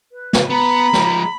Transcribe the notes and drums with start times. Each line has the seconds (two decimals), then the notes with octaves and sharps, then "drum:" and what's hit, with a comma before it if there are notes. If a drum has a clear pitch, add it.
0.11 B4
0.33 drum: snare
0.50 B3 A#5 B5
0.94 F3 G#3, drum: snare